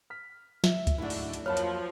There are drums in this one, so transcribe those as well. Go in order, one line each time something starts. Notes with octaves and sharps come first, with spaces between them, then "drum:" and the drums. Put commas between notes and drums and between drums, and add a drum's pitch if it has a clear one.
F6 B6
E5, drum: snare
drum: kick C#2, hi-hat
G#2 D3 A3 D4 E4 F#4
drum: open hi-hat
drum: hi-hat
F2 F3 F#3 A#3 C#5 A5 B5 F6
drum: hi-hat